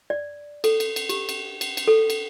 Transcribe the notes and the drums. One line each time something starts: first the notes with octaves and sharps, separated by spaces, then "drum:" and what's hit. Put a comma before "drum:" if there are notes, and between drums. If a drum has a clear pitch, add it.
D5
A4, drum: cymbal
drum: cymbal
drum: cymbal
G4, drum: cymbal
drum: cymbal
drum: cymbal
drum: cymbal
A4
drum: cymbal